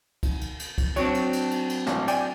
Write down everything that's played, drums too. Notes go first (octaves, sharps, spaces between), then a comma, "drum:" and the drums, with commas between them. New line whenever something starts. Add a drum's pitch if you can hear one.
drum: kick, cymbal
drum: cymbal
drum: cymbal
drum: kick, cymbal
F#3 C4 D4 C#5, drum: cymbal
drum: cymbal
drum: cymbal
drum: cymbal
drum: cymbal
A1, drum: snare
D5 G5 G#5, drum: cymbal